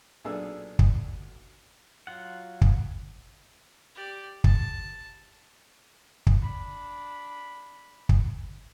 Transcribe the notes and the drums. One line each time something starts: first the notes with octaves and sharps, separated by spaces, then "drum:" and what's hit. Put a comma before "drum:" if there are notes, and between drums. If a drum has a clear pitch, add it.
B1 A#2 D4 G#4 A4 E6
drum: kick
F#3 F4 F#5
drum: kick
G4 D5
A5, drum: kick
drum: kick
D4 B5
drum: kick